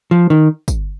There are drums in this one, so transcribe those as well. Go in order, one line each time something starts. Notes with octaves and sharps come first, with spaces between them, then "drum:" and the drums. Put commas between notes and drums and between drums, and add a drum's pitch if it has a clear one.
F3
D#3
drum: kick, tambourine